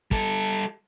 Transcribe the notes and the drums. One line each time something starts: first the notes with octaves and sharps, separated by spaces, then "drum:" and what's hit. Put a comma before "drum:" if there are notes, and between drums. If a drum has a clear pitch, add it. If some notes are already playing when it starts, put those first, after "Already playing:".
G3 A4, drum: kick